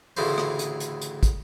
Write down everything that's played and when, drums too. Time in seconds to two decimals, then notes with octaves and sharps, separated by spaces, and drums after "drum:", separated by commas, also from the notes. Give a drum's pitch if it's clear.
0.17 A1 D2 C#3 E3 C5, drum: open hi-hat
0.38 drum: rim click
0.59 drum: hi-hat
0.80 drum: hi-hat
1.01 drum: hi-hat
1.23 drum: kick, hi-hat